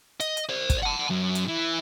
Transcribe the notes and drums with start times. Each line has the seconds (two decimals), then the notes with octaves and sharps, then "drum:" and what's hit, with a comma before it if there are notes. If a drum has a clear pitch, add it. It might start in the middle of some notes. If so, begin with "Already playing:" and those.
0.20 D#5, drum: hi-hat
0.37 drum: hi-hat
0.50 C5 D5
0.70 drum: kick, hi-hat
0.83 F#5 A5
1.10 F#2
1.35 drum: hi-hat
1.47 E3